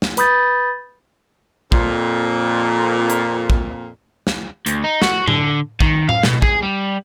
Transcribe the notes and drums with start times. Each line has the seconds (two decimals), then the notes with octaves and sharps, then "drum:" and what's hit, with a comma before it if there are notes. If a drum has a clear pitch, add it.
0.02 drum: snare
0.17 B4 B5 D#6 G6 A6, drum: hi-hat
1.72 F2 A#2, drum: kick
3.10 drum: hi-hat
3.50 drum: kick
4.27 drum: snare
4.66 D2, drum: hi-hat
4.84 D#4
5.02 F#4, drum: snare
5.28 D3, drum: tom A2
5.80 D#3, drum: kick
6.09 F5, drum: tom A2
6.23 B2, drum: snare
6.42 G#4, drum: kick
6.62 G3